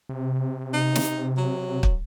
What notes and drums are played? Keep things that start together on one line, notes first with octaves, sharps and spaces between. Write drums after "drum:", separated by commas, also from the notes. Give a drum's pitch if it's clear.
C3
D#4
drum: snare
F#3
drum: kick